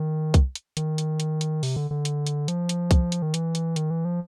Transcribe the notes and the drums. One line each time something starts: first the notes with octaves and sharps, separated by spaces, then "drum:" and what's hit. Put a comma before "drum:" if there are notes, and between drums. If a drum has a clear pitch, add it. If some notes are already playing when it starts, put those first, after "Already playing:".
Already playing: D#3
drum: kick C2, hi-hat
drum: hi-hat
D#3, drum: hi-hat
drum: hi-hat
drum: hi-hat
drum: hi-hat
C3, drum: open hi-hat
D3
D3
drum: hi-hat
drum: hi-hat
F3, drum: hi-hat
drum: hi-hat
drum: kick C2, hi-hat
drum: hi-hat
D#3
E3, drum: hi-hat
drum: hi-hat
D#3, drum: hi-hat
E3
F3